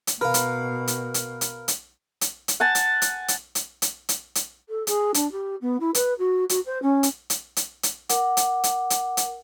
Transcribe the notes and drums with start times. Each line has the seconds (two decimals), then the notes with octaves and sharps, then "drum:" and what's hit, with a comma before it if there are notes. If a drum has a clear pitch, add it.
0.07 drum: hi-hat
0.21 B2 A#4 B4 F5 F6
0.34 drum: hi-hat
0.88 drum: hi-hat
1.14 drum: hi-hat
1.41 drum: hi-hat
1.68 drum: hi-hat
2.21 drum: hi-hat
2.48 drum: hi-hat
2.60 F#5 G#5 A5
2.75 drum: hi-hat
3.02 drum: hi-hat
3.28 drum: hi-hat
3.55 drum: hi-hat
3.82 drum: hi-hat
4.09 drum: hi-hat
4.35 drum: hi-hat
4.69 A4
4.87 G#4, drum: hi-hat
5.14 D4, drum: hi-hat
5.32 G4
5.61 B3
5.80 E4
5.95 B4, drum: hi-hat
6.19 F#4
6.49 F#4, drum: hi-hat
6.66 C5
6.82 C#4
7.03 drum: hi-hat
7.30 drum: hi-hat
7.56 drum: hi-hat
7.83 drum: hi-hat
8.09 A#4 F#5 D6, drum: hi-hat
8.37 drum: hi-hat
8.64 drum: hi-hat
8.90 drum: hi-hat
9.17 drum: hi-hat